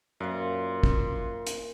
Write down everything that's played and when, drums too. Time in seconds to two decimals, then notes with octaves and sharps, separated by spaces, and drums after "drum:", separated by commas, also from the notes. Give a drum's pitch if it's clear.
0.20 F#2 A#2 F4 C5
0.83 drum: kick
1.47 drum: hi-hat